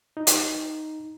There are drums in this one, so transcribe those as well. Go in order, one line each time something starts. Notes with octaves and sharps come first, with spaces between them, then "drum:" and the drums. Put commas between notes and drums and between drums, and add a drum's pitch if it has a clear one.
D#4
drum: hi-hat